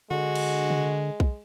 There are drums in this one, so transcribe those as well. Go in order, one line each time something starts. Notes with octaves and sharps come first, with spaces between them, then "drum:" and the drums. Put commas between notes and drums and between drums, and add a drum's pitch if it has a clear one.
D3 G#3 F#4
drum: cymbal
drum: tom C3
drum: kick B1